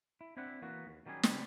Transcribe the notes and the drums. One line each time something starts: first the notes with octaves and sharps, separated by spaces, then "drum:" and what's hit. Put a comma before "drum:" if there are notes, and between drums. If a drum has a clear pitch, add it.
E4
C4 D4 E4 C5 E5 F#5
E3 A#3 B3 F#4
D#2
D#3 F#3 G3 C#4 G#4
C#3 F#3 G3 B3 C4 G#4, drum: snare